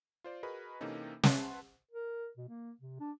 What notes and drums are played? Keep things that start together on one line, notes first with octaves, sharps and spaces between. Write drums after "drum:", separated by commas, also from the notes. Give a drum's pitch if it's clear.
F4 C5 D5
F#4 G#4 A#4 B4 D#5 B5
C3 E3 A#3 C#4 D#4 A4
B4 E5 F#5 G#5 A5 C6, drum: snare
A#4
B2
A#3
C3
D4